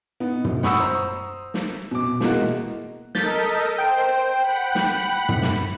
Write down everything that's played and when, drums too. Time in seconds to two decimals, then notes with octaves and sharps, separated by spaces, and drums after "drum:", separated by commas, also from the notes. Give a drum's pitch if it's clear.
0.20 B3 D#4
0.45 B2, drum: tom
0.63 F#5 B5 C#6 D#6 E6, drum: snare
0.80 C5 A#5
1.54 drum: snare
1.91 B2 D6
2.21 B2 E3 G#3 A#3 F#4, drum: snare
3.15 A4 A#4 D#5 G6 A6 B6, drum: snare
3.78 C5 G5
4.39 F#5 B5
4.75 drum: snare
5.29 drum: tom
5.42 drum: snare